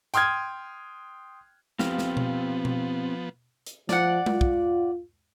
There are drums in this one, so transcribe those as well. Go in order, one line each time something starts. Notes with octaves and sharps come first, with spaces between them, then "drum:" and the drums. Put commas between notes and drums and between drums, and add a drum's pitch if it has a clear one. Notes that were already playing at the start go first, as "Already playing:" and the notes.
G5 C6 D#6 F6 G#6, drum: hi-hat
F3 B3 C4 G4 F5, drum: snare
drum: snare
drum: tom B2
drum: tom B2
drum: hi-hat
F3 D5 F#5, drum: snare
F4, drum: tom G#3
drum: kick